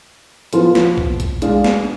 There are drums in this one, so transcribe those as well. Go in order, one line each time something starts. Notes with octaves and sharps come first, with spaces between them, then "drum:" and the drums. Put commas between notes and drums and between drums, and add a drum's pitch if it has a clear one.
F3 B3 F4 B4, drum: hi-hat
drum: snare
drum: kick
drum: kick, hi-hat
G#3 D4 G#4 D5 F5, drum: hi-hat
drum: snare